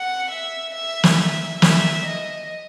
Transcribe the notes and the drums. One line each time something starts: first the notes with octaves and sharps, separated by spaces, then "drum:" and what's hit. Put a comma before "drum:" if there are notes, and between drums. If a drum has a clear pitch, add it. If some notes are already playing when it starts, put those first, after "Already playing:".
Already playing: F#5
E5
E5
drum: snare
E5
E5, drum: snare
D#5